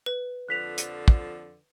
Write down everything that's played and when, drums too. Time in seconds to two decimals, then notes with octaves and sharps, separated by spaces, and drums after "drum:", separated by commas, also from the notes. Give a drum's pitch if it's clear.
0.06 B4
0.49 F2 D3 F3 F#6 B6 F7
0.78 drum: hi-hat
1.08 drum: kick